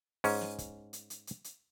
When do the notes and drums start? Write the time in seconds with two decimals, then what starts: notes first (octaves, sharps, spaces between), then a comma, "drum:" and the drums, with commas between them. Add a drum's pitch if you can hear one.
0.24 G#2 C#4, drum: open hi-hat
0.41 drum: snare
0.58 drum: kick, hi-hat
0.93 drum: hi-hat
1.10 drum: hi-hat
1.27 drum: hi-hat
1.44 drum: hi-hat